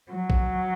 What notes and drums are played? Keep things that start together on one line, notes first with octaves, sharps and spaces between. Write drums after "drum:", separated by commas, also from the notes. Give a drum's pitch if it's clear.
F#3
drum: kick A1